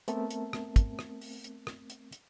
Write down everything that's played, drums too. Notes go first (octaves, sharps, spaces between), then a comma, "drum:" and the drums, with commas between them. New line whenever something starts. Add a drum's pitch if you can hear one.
A3 B3 C4 A#4 E5 A5, drum: hi-hat
drum: hi-hat
drum: rim click
drum: kick, hi-hat
drum: rim click
drum: open hi-hat
drum: hi-hat
drum: rim click
drum: hi-hat
drum: hi-hat